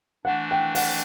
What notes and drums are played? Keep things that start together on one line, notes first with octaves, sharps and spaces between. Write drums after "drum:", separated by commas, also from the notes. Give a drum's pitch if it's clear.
E3 A3 D4 F#5
G5
F#5, drum: open hi-hat